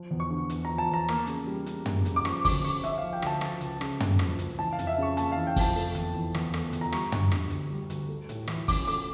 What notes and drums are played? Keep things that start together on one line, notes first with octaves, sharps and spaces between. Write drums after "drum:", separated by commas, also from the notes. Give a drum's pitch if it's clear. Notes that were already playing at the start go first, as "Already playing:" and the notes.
Already playing: F3
E2
C#6
D3
E2, drum: hi-hat
F3 A#5
A5
E2 A#5
A#3, drum: rim click
C#3, drum: hi-hat
G3
C#3, drum: hi-hat
A#3, drum: tom
C#3, drum: hi-hat
D6
F3 C#6, drum: rim click
D2 D6, drum: kick, open hi-hat
C#3 C#6
C#4 E5, drum: hi-hat
F3 F5
G5
D2 A5, drum: rim click
F3, drum: rim click
C#2, drum: hi-hat
C#3, drum: rim click
A#3, drum: tom
F3, drum: rim click
C#2, drum: hi-hat
E3 A5
F5
F2, drum: hi-hat
E5
C#3 C#6
A#3 A5, drum: hi-hat
E3 F5
G5
F2 A5, drum: kick, open hi-hat
A3
E2, drum: hi-hat
E3
E2, drum: rim click
A3, drum: rim click
E2, drum: hi-hat
A#5
G3 C#6, drum: rim click
D2, drum: tom
D3, drum: rim click
D2, drum: hi-hat
G3
D2, drum: hi-hat
A3
A2, drum: hi-hat
E3, drum: rim click
C#4 D6, drum: kick, open hi-hat
A3 D6